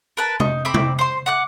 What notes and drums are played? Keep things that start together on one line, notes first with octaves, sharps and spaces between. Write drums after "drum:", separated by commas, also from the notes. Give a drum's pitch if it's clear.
A#4 B4 A5
D#4, drum: tom
C4 B5 D6
drum: tom C3
C5 C6
F#5 D6 F#6